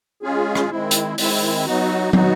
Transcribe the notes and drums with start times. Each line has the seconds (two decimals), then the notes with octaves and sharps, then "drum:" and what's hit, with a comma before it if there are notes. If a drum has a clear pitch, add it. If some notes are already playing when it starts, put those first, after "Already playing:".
0.22 G#3 C#4 F4 G#4
0.55 drum: rim click
0.70 D#3 G#3 C4 E4
0.91 drum: hi-hat
1.18 D#3 G#3 C4 E4, drum: open hi-hat
1.66 F#3 B3 D#4 F#4
2.13 F#3 B3 D#4 F#4, drum: tom